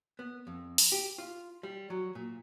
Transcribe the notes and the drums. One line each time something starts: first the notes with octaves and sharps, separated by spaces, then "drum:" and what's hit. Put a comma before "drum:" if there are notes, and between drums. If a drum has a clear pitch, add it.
B3
F2
drum: open hi-hat
G4
F4
G3
F#3
A#2